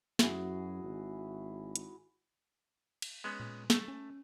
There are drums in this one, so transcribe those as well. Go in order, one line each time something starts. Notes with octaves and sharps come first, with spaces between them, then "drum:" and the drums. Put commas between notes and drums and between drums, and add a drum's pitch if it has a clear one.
F#2 E4 F#4 G#4, drum: snare
G#1
drum: hi-hat
drum: cymbal
G#3 B3 C#4
A#2
G3 A3 A5, drum: snare
C#4